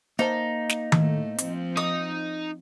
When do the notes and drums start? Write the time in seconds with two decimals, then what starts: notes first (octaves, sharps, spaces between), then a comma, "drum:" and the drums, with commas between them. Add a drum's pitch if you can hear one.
0.19 A#3 D#4 C5 A5
0.69 drum: snare
0.92 A2 A3, drum: tom D#3
1.38 F3 C4, drum: hi-hat
1.77 D#4 D#6